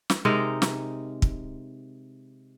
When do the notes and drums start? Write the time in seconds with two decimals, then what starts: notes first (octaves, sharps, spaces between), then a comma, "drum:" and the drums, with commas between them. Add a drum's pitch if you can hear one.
0.10 drum: snare
0.25 C3 G#3 D#4 A#4
0.62 drum: snare
1.22 drum: kick